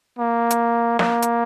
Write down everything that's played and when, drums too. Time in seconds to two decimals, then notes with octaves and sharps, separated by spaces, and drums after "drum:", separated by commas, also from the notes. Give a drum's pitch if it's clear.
0.18 A#3
0.50 drum: hi-hat
0.99 A#3, drum: snare
1.22 drum: hi-hat